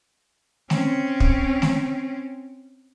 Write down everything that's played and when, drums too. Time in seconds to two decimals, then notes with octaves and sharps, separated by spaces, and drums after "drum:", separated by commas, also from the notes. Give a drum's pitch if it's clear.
0.70 C4 C#4, drum: snare A3
1.20 drum: kick
1.62 drum: snare A3